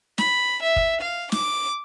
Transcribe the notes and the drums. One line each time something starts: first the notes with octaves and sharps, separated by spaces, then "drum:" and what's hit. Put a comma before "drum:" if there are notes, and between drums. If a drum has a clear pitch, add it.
B5, drum: snare
E5
drum: kick
F5
D6, drum: snare